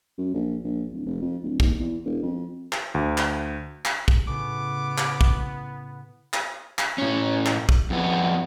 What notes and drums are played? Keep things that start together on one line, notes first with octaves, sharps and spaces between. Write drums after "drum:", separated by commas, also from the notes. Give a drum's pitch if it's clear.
F#2
A#1
A#1
D1
F1
F2
D1
D#2, drum: kick
E2
E1
F2
drum: clap
D2
drum: clap
drum: clap
drum: kick
A2 C#3 B3 D6
drum: clap
drum: kick
drum: clap
drum: clap
A2 C#4
drum: clap
drum: kick
F2 B3